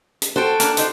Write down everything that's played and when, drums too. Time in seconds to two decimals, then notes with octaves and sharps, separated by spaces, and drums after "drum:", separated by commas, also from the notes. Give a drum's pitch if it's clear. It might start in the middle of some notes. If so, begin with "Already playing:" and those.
0.22 drum: hi-hat
0.36 F#4 A4 C5 G5
0.60 A#3 D4, drum: hi-hat
0.77 D4 D#4 C5, drum: hi-hat